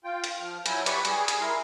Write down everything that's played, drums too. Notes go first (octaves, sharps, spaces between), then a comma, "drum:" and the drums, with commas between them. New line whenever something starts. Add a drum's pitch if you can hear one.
F4 G5
drum: hi-hat
F3 F6
F#3 E4 G#5 G6, drum: hi-hat
G4 B4 D5 F#5 B5 C#6, drum: hi-hat
G3 G#4, drum: hi-hat
drum: hi-hat
E4 A#4 C6